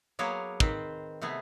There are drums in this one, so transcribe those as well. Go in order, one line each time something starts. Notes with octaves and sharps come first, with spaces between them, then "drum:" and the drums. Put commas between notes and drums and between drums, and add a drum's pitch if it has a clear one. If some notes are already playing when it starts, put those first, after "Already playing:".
F#3 A#3 B3 G#4 A#4 C#5
D#3 C4 B4 C5, drum: kick
C3 A3 B3 G#4